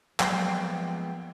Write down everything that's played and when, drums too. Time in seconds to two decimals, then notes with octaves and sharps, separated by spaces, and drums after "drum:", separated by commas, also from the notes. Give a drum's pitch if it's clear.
0.20 F3 F#3 G#3 A#3 B3 G5 C7, drum: clap